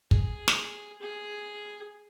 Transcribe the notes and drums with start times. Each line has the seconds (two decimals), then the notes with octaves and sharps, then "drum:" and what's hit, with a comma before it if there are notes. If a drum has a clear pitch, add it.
0.11 G#4, drum: kick
0.48 drum: snare
1.01 G#4